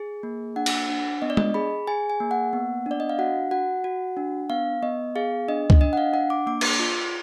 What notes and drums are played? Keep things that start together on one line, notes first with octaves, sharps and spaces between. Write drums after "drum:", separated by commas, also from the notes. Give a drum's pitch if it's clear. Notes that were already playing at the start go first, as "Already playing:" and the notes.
Already playing: G#4
A#3
D4 F#5
drum: cymbal
D4
B3 D#5
D5
D#5, drum: tom G#3
G#4 B5
G#4 G#5
G#5
A#3
F#5
B3
D4 D5
D#5
F5
F#4 F#5
F#4 F#5
F#4
D4
B3 F5
B3 D#5
G#4 F5
D4 D#5
drum: kick C#2
D4 D#5
F#5
F5
D4 F#5
D6
A#3 D6
drum: cymbal
F4